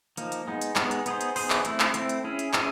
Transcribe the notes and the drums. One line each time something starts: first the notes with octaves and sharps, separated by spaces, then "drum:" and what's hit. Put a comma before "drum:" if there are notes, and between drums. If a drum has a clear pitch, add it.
F3 A#3 D#4, drum: hi-hat
drum: hi-hat
G#3 B3 D#4
drum: hi-hat
G#3 B3 D#4, drum: clap
drum: hi-hat
B3 D#4 G#4 C5, drum: hi-hat
drum: hi-hat
B3 D#4 G#4 C5, drum: open hi-hat
drum: clap
A3 C4 E4, drum: hi-hat
drum: clap
A3 C4 E4, drum: hi-hat
drum: hi-hat
C#4 E4 G#4
drum: hi-hat
C#4 E4 G#4, drum: clap